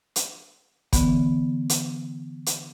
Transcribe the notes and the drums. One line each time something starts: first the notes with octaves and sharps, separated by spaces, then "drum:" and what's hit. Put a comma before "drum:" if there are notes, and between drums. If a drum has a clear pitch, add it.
drum: hi-hat
D3 E3 B3, drum: kick, hi-hat
drum: hi-hat
drum: hi-hat